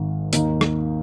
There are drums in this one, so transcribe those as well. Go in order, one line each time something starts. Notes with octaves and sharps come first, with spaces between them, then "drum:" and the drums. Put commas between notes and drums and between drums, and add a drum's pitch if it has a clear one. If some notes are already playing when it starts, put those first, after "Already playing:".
Already playing: G#1 G#2 D#3
D#2 D#3 A#3 D#4, drum: hi-hat
drum: rim click